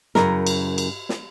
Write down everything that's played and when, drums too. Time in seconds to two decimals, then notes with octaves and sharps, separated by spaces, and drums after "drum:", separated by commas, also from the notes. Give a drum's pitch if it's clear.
0.15 F#2 C#3 E4 A#4, drum: snare
0.47 drum: cymbal
0.78 drum: cymbal
1.09 drum: snare